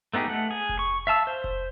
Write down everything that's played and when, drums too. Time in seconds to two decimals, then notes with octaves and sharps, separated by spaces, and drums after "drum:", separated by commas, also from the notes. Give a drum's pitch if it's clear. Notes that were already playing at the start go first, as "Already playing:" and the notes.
0.14 A3 B3 D#4 G4 G#4
0.28 A3 F#5
0.51 G#4
0.69 drum: kick F1
0.79 C#6
1.07 E5 F5 A5 E6
1.27 C5
1.44 drum: kick F1